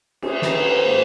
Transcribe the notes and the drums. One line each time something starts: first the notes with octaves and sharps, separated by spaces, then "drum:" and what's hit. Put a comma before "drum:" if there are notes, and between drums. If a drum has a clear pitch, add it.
G#4 E5, drum: cymbal
D#3 B4 A5, drum: snare
A4 F#5
C5
G#2 A#3